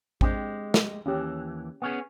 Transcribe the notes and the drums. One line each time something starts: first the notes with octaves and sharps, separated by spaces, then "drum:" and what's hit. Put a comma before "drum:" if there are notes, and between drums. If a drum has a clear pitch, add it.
G#3 C4 D4 G4, drum: kick A1
drum: snare
D#2 E3 C#4 G4
B3 C#4 G#4